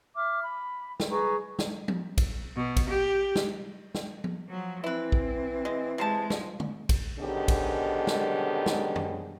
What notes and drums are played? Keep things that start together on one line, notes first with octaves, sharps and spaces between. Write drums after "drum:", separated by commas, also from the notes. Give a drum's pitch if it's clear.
E5 D6 F6
B5
drum: snare
G#4 B4 A#5 C#6
drum: snare
drum: tom F3
drum: kick A#1, cymbal
B2
drum: kick A#1, cymbal
G4
drum: snare
drum: snare
drum: tom F3
F3 F#3
E3 C4 E4 B4
drum: kick A#1
G#3
C3 G#3 C5 A5
F3, drum: snare
drum: tom D3
drum: kick A#1, cymbal
G#2 B2 D3 D#3 C#4 G4
drum: kick A#1, cymbal
drum: snare
drum: snare
drum: tom F#2